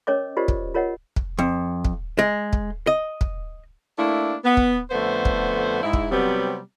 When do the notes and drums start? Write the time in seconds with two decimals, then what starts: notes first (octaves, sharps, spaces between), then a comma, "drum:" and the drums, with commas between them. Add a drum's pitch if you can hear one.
0.07 C#4 A#4 C#5 D#5 D6
0.37 F4 G4 A#4 C5 D5 D#5
0.48 drum: kick
0.74 F4 A#4 C#5 D#5 F#5
1.16 drum: kick
1.39 F2
1.85 drum: kick
2.19 G#3
2.53 drum: kick
2.87 D#5
3.21 drum: kick
3.97 A3 A#3 D4 E4
4.45 B3
4.57 drum: kick
4.91 F2 D3 A3 B3 C5
5.25 drum: kick
5.83 G#2 E4
5.93 drum: kick
6.10 C3 F#3 G3 B3 C4